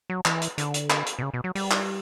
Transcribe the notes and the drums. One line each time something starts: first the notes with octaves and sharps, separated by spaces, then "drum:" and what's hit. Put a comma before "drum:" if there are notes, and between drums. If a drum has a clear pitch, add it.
F#3
E3, drum: clap
drum: hi-hat
D3, drum: hi-hat
drum: hi-hat
drum: clap
drum: hi-hat
B2
C#3
B2
F#3
G3, drum: open hi-hat
drum: clap